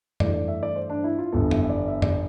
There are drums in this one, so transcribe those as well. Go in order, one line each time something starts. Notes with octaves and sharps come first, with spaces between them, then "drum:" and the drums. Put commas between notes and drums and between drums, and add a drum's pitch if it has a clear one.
G2 E3 A3 D5, drum: tom F2
D5
E5
D5
C5
D4
E4
F4
G1 G2 E3 B3 A4
E5, drum: tom F2
E5
D5
E5
D5, drum: tom F2